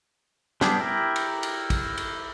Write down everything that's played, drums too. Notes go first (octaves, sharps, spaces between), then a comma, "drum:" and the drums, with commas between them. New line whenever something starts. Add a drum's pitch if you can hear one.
G3 B3 D4 G4 G#4, drum: snare
E4 G4 A#4
drum: cymbal
drum: cymbal
drum: kick, cymbal
drum: cymbal